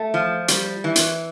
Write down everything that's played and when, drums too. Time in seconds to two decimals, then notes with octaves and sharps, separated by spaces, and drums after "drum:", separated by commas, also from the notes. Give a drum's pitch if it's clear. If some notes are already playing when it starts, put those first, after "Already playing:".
Already playing: A3
0.14 F3
0.48 G3, drum: hi-hat
0.84 E3
0.96 drum: hi-hat